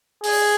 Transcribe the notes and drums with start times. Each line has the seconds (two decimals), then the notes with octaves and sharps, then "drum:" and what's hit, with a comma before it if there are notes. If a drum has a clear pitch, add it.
0.23 G#4, drum: open hi-hat